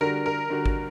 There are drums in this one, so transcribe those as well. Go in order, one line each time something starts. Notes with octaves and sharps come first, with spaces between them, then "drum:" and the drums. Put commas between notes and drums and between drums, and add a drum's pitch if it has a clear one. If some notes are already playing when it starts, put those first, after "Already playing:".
D3 G3 D4 F#4 A#4
A#4
D3 G3 D4 F#4
drum: kick G#1